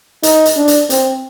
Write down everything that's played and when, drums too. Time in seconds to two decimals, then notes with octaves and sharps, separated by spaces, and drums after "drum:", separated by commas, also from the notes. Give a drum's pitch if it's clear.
0.23 D#4, drum: hi-hat
0.45 drum: hi-hat
0.56 D4
0.68 drum: hi-hat
0.90 C4, drum: hi-hat